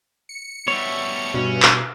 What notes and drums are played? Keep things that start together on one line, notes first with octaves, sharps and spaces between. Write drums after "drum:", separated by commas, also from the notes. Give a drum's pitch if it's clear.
C#7
B2 G3 C#5 E5
G2 B2 C#4
drum: clap